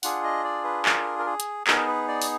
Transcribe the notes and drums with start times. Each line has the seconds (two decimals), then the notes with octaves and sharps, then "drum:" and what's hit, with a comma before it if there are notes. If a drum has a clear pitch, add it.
0.03 D4 F4 G#4 F#5, drum: open hi-hat
0.24 D#5
0.45 D5
0.64 B4
0.85 A#4, drum: clap
1.19 A#4
1.26 G#4
1.40 drum: hi-hat
1.67 B3 D#4 G#4 A#4, drum: clap
1.88 B4
2.08 D5
2.22 drum: open hi-hat